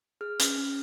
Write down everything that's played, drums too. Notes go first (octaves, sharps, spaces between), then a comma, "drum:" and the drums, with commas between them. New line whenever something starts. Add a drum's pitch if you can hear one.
G#4 F6
C#4, drum: hi-hat
C#4